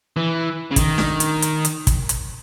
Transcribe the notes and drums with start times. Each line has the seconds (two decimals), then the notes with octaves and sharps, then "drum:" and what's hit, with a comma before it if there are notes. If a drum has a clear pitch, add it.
0.17 E3
0.71 C#3
0.76 D#3, drum: kick, hi-hat
0.98 drum: snare D4
1.20 drum: hi-hat
1.42 drum: hi-hat
1.65 drum: hi-hat
1.87 drum: kick, hi-hat
2.09 drum: hi-hat